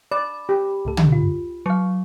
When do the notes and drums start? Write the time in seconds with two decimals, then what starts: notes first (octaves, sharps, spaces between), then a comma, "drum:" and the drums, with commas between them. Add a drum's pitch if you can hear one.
0.12 D5 B5
0.49 G4
0.85 C#2 A2 A4
0.97 drum: tom
1.12 F4
1.66 F#3 F5 C#6